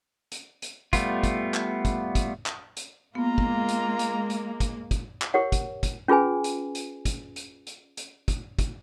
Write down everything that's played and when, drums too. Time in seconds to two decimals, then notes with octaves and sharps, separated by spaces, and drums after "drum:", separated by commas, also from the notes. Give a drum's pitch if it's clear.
0.32 drum: hi-hat
0.62 drum: hi-hat
0.93 G3 A3 B3 F4, drum: kick, hi-hat
1.23 drum: kick, hi-hat
1.54 drum: clap
1.85 drum: kick, hi-hat
2.15 drum: kick, hi-hat
2.46 drum: clap
2.77 drum: hi-hat
3.15 G#3 A#3 B3 F4 A#5
3.38 drum: kick
3.69 drum: hi-hat
3.99 drum: hi-hat
4.30 drum: hi-hat
4.60 drum: kick, hi-hat
4.91 drum: kick, hi-hat
5.22 drum: clap
5.34 G4 A#4 C#5 F#5
5.52 drum: kick, hi-hat
5.83 drum: kick, hi-hat
6.08 C#4 F4 G#4 B4 G#5
6.44 drum: hi-hat
6.75 drum: hi-hat
7.05 drum: kick, hi-hat
7.36 drum: hi-hat
7.67 drum: hi-hat
7.97 drum: hi-hat
8.28 drum: kick, hi-hat
8.59 drum: kick, hi-hat